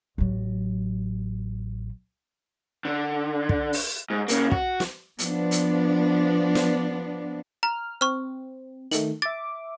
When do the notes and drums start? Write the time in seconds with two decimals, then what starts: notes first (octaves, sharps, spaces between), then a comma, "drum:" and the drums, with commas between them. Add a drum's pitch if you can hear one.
0.18 A1 F#3
2.85 D3
3.49 drum: kick
3.73 drum: open hi-hat
4.10 G#2
4.28 C#3 A#3, drum: hi-hat
4.52 F#4, drum: kick
4.80 drum: snare
5.19 F3 B3 D4, drum: hi-hat
5.51 drum: hi-hat
6.55 drum: snare
7.63 A#5 F6
8.01 C4 C#6 F6
8.92 D#3 A3 F#7, drum: hi-hat
9.22 E5 D6 A6